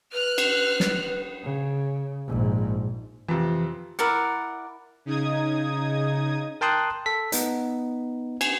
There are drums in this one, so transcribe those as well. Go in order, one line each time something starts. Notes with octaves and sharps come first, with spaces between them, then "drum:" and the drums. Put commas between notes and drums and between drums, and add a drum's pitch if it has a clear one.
B4 F6 F#6
drum: cymbal
drum: snare
C#3
A#1 G#2
F2 C3 E3
E4 A#4 D5 F#5
C#3 D#4 D#6 G#6
A#4 G5 A5 C6 D#6 F#6
A4 B6
B3 D#4, drum: hi-hat
G#5, drum: cymbal